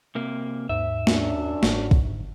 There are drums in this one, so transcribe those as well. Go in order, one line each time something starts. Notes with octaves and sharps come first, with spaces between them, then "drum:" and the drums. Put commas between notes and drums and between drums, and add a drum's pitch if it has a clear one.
C3 A#3
D#2 G#2 E5
F#2 D4, drum: snare
G1 G#2, drum: snare
drum: kick B1